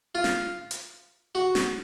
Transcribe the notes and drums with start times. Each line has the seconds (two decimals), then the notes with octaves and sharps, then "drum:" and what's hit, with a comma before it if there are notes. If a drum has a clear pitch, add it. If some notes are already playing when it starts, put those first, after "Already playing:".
0.15 F4
0.24 drum: snare
0.71 drum: hi-hat
1.35 F#4
1.55 drum: snare